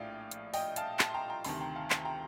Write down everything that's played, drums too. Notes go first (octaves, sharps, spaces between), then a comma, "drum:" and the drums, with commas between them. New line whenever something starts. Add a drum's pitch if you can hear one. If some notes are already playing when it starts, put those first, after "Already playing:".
Already playing: A#1 A2 D5 F5 G5
drum: hi-hat
D#5 G5, drum: open hi-hat
F5 A5, drum: hi-hat
A5 C6, drum: clap
G5 A#5
G5 A#5
D2 C3 D#3 A5 C6, drum: open hi-hat
G5 A#5
F5 A5
A5 C6, drum: clap
G5 A#5